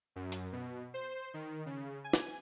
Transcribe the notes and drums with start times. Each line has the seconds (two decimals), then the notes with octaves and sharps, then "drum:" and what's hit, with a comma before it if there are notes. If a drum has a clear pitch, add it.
0.16 F#2
0.32 drum: hi-hat
0.52 B2
0.94 C5
1.34 D#3
1.66 C#3
2.04 G#5
2.13 drum: snare